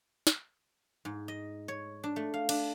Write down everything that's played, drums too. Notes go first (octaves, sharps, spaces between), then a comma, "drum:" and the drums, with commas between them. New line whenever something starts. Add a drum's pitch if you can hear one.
drum: snare
G#2
D#5
C#5
D4
A3
F5
D4, drum: cymbal